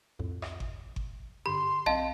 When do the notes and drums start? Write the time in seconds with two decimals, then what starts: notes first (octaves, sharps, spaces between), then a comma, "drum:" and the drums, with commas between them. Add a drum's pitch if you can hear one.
0.19 C2 F2 A2
0.42 drum: rim click
0.60 drum: kick G1
0.96 drum: kick G1
1.46 G2 D3 G4 B5 C6
1.86 B1 C4 D#5 F5 A5